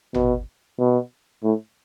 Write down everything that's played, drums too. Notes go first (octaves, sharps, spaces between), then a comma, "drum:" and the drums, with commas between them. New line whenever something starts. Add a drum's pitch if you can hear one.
B2, drum: tom G#1
B2
A2